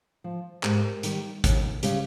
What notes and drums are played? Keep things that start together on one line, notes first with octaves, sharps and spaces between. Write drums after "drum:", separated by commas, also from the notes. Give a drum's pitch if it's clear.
F3
G#2 G4 A#4, drum: clap
D#3 G3, drum: hi-hat
D#2, drum: kick, hi-hat
C#3 G3, drum: hi-hat